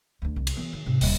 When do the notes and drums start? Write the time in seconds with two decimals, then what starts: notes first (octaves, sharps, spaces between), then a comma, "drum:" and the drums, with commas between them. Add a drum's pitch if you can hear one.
0.22 D2 D3
0.36 C2
0.47 drum: cymbal
0.57 E3 B3
0.73 D#3
0.86 G#2 C3
1.01 D#1 G3, drum: open hi-hat